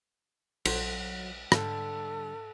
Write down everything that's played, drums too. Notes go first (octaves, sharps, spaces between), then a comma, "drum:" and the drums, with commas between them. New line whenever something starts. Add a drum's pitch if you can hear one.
A#1 F#3 F#4 C5, drum: cymbal
G#2 D3 G3 A4, drum: rim click